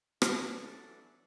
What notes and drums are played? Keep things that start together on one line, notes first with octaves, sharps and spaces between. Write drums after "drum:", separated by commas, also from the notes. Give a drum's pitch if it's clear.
E3 F#3 C#4 D4 A4 D5, drum: rim click